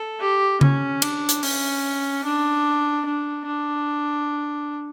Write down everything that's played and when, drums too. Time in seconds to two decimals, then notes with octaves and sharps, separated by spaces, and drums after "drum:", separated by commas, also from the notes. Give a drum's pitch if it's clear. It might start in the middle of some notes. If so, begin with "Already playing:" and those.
Already playing: A4
0.20 G4
0.61 C#4, drum: tom C#3
1.02 D4, drum: cymbal
1.29 drum: hi-hat
1.43 C#4, drum: open hi-hat
2.24 D4
3.05 D4
3.46 D4